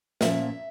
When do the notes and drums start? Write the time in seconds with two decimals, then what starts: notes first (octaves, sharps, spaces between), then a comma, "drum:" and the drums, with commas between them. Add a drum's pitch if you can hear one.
0.21 A#2 F3 A#3 C#4 E5, drum: snare